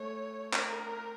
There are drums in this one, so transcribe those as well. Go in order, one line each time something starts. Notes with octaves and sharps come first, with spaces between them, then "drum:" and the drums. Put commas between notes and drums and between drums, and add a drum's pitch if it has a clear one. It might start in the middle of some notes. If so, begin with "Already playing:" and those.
Already playing: A3 C#5
A#4, drum: clap